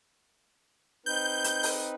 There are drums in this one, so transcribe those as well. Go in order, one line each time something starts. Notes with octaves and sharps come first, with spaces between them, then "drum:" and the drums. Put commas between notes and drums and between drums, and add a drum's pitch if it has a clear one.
C4 D#4 B4 G6
drum: hi-hat
drum: open hi-hat